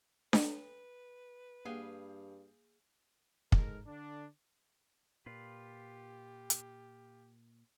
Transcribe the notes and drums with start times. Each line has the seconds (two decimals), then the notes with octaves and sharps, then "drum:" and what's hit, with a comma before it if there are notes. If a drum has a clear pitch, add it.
0.33 B4, drum: snare D4
1.65 G2 A#3 G#4 F5 G5
3.52 G#2 G#3 A4 A#4, drum: kick
3.86 D3 D4
5.26 A#2 F4 G4 B4
6.50 drum: hi-hat